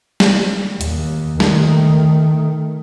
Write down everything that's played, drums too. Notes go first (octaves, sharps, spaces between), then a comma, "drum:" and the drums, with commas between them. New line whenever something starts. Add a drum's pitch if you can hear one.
drum: snare
D#2, drum: hi-hat
D#3 A3, drum: snare